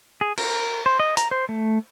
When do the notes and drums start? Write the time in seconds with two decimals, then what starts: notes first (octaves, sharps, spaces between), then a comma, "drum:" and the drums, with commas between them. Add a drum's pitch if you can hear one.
0.21 G#4
0.38 A#4, drum: cymbal
0.86 C5
1.00 D#5
1.17 A#5, drum: hi-hat
1.31 C5
1.49 A3